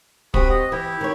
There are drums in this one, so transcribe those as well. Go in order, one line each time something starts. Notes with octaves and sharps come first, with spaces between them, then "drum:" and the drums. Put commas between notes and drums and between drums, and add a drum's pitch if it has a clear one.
C4 F#4 G4 B5 D#6, drum: kick
D#5
E3 E4 G4
D#3 C#5